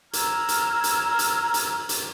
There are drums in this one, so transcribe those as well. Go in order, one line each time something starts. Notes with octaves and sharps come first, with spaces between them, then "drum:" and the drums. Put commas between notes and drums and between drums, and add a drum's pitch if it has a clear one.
A#5 E6 F6 G#6, drum: hi-hat
drum: hi-hat
drum: hi-hat
drum: hi-hat
drum: hi-hat
drum: hi-hat